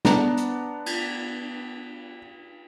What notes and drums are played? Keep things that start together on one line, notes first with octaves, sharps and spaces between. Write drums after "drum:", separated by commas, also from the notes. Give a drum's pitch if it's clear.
B3 D4 A#5, drum: snare
drum: hi-hat
drum: cymbal